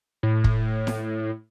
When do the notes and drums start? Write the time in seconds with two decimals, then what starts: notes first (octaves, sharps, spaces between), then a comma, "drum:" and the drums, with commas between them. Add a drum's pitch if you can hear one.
0.23 A2
0.44 drum: kick
0.87 drum: snare E4